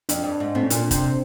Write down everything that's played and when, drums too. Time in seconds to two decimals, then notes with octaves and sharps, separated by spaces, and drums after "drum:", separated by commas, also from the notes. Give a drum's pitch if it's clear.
0.09 F2 D4, drum: hi-hat
0.24 G2
0.40 G#2
0.55 A2 C4
0.63 C#4
0.70 A#2 D4, drum: hi-hat
0.91 C3, drum: kick, hi-hat